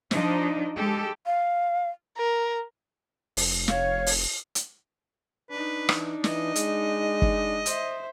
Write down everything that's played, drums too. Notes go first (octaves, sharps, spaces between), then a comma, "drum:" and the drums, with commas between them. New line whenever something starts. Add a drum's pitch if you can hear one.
F3 D4 D#4 D#5, drum: snare
G#3 G4 A4
F5
A#4
F1, drum: open hi-hat
C#5 F5, drum: snare
drum: open hi-hat
drum: hi-hat
D4 D#4 B4
E3, drum: rim click
E3 D#5, drum: snare
G#3, drum: hi-hat
drum: kick
C5 E5, drum: hi-hat